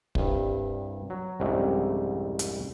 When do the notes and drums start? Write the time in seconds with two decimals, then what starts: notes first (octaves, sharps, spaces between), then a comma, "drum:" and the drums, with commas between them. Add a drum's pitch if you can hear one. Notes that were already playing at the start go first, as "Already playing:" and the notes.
0.15 C2 G2, drum: kick
1.10 F#3
1.40 C2 F2 G#2 C#3 A3 D4
2.39 drum: hi-hat